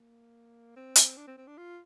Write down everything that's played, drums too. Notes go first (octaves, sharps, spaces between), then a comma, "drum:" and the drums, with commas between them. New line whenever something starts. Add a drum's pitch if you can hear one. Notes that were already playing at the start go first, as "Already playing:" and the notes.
Already playing: A#3
C4
drum: hi-hat
D4
C4
C4
D4
F4